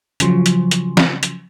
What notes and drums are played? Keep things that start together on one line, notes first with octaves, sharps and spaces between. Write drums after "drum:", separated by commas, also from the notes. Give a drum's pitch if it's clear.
C#3 F3 F#3, drum: hi-hat
drum: hi-hat
drum: hi-hat
drum: snare
drum: hi-hat